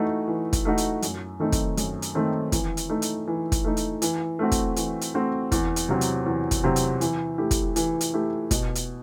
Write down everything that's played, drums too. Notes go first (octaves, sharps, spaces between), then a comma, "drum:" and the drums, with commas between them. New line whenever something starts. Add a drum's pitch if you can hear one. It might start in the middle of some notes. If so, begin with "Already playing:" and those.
Already playing: E3 A3 D#4 F#4
E3
drum: kick, hi-hat
A3 D#4 F#4
drum: hi-hat
F#2, drum: hi-hat
D#3 A3 C4 D#4
drum: kick, hi-hat
F#2, drum: hi-hat
drum: hi-hat
D#3 A3 C4 D#4
E3, drum: kick, hi-hat
drum: hi-hat
A3 D#4
drum: hi-hat
E3
drum: kick, hi-hat
A3 D#4
drum: hi-hat
E3, drum: hi-hat
A3 C4 F#4
drum: kick, hi-hat
E3, drum: hi-hat
drum: hi-hat
A3 C4 F#4
E2, drum: kick, hi-hat
drum: hi-hat
C3 F#3 C4
drum: hi-hat
E2
drum: kick, hi-hat
C3 F#3 C4
drum: hi-hat
E3, drum: hi-hat
A3 E4 G4
drum: kick, hi-hat
E3, drum: hi-hat
drum: hi-hat
A3 E4 G4
B2, drum: kick, hi-hat
drum: hi-hat